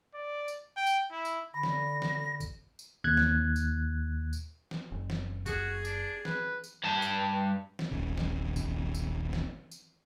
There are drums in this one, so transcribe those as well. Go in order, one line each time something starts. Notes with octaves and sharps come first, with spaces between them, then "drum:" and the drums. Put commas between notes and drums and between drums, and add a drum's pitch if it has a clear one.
D5
drum: tambourine
G5
drum: tambourine
E4
drum: tambourine
D3 B5 A#6
drum: snare
drum: snare
drum: kick A1, tambourine
drum: tambourine
D#2 F#6 G#6
drum: snare
drum: tambourine
drum: tambourine
drum: snare
F#1
drum: snare
F#4 G#4, drum: kick A1, tambourine
D4, drum: tambourine
B4, drum: snare
drum: tambourine
G2 A5
drum: tambourine
drum: snare
D#1 G#1 C#3
drum: snare
drum: kick A1, tambourine
drum: tambourine
drum: snare
drum: tambourine